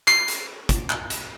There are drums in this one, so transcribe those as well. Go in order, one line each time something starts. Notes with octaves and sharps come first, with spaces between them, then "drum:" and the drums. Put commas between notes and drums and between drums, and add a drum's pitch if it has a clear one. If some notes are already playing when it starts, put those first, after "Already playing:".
C7, drum: clap
drum: hi-hat
drum: kick, hi-hat
drum: clap
drum: hi-hat